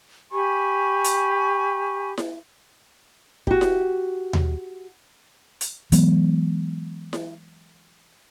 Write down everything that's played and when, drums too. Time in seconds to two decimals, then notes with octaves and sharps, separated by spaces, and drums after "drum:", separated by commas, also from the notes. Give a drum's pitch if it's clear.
0.32 G4 G#5 B5 C#6
1.04 drum: hi-hat
2.18 drum: snare E4
3.47 F#4 G4, drum: kick
3.61 drum: snare E4
4.33 drum: tom D#2
5.61 drum: hi-hat
5.92 E3 F#3 G#3 B3, drum: hi-hat
7.13 drum: snare E4